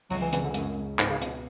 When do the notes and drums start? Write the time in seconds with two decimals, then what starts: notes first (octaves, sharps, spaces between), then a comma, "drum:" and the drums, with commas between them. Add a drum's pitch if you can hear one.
0.10 C#2 F#3, drum: open hi-hat
0.21 E3
0.33 C#3 E3, drum: hi-hat
0.44 D3
0.54 F#2 G#3, drum: hi-hat
0.77 C#2
0.99 G#2 B3, drum: clap
1.10 C#3
1.22 B2, drum: hi-hat